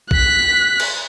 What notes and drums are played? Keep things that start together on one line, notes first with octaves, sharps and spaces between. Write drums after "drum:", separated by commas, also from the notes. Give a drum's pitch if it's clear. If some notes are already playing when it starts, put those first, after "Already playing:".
F#6 B6, drum: kick
drum: cymbal